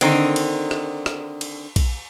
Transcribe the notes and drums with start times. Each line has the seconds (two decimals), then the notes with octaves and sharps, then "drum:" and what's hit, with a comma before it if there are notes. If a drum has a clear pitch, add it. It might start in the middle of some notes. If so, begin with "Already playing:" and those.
0.01 D3 D#3 C4 D#4, drum: cymbal
0.36 drum: cymbal
0.71 drum: rim click
1.06 drum: rim click
1.41 drum: cymbal
1.76 drum: kick A#1, cymbal